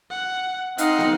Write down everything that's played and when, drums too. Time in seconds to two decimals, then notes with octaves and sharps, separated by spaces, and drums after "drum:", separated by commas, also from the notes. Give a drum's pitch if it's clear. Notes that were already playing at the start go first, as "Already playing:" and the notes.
0.11 F#5
0.78 C4 D#4 D#5 F5 F#5, drum: hi-hat
0.98 drum: snare